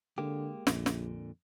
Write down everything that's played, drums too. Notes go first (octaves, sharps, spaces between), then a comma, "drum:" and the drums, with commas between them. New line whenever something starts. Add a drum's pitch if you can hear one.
D3 G#3 A#3 G4
A#1 F2 A#2 D3, drum: snare
drum: snare